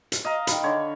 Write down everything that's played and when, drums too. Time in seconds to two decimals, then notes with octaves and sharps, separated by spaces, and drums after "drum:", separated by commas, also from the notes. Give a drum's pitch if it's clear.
0.12 drum: hi-hat
0.25 D#5 F5 A#5
0.47 D#3 B5, drum: hi-hat
0.63 D3 C#5